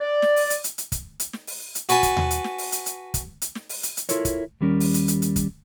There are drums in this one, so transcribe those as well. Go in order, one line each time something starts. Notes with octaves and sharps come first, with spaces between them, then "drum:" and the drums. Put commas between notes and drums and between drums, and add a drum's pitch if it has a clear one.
D5
drum: snare
drum: open hi-hat
drum: hi-hat
drum: hi-hat
drum: hi-hat
drum: kick, hi-hat
drum: hi-hat
drum: snare
drum: open hi-hat
drum: hi-hat
F#4 B4 G#5 A5, drum: hi-hat
drum: kick, hi-hat
drum: tom D#2
drum: hi-hat
drum: snare
drum: open hi-hat
drum: hi-hat
drum: hi-hat
drum: kick, hi-hat
drum: hi-hat
drum: snare
drum: open hi-hat
drum: hi-hat
drum: hi-hat
E4 F4 A4 A#4 C#5, drum: hi-hat
drum: kick, hi-hat
D#2 G3 C#4 A#4
drum: open hi-hat
drum: hi-hat
drum: hi-hat
drum: hi-hat
drum: kick, hi-hat